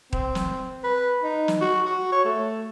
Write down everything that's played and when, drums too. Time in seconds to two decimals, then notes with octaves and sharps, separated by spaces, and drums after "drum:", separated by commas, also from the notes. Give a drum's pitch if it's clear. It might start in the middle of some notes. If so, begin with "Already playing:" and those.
0.13 C4, drum: kick D#1
0.35 drum: snare
0.84 B4
1.23 D#4
1.48 drum: snare
1.61 F#4
1.85 F#4
2.12 C#5
2.25 A3